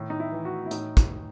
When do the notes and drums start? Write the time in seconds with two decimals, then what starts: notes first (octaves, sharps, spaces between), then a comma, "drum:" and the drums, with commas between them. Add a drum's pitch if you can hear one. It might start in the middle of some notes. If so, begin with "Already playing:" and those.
Already playing: A2 D#3
0.10 D#4
0.20 E4
0.32 E3
0.45 F#4
0.66 E4
0.71 A2 D#4, drum: hi-hat
0.97 drum: kick, hi-hat